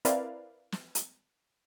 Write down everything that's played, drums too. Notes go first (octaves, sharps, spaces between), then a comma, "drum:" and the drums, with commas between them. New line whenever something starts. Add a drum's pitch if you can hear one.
C4 E4 A#4 B4 D5 F5, drum: hi-hat
drum: snare
drum: hi-hat